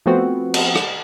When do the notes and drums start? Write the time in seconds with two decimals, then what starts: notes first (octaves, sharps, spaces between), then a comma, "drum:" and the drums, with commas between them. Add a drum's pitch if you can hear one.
0.06 F3 A3 B3 C4 F#4
0.54 drum: cymbal
0.75 drum: rim click